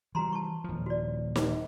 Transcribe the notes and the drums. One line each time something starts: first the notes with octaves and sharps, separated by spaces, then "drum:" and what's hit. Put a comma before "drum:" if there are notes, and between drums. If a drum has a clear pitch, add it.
E3 G3 F#4 A#5 C6
A5 C#6
D#1 F3
F#4 D5
drum: snare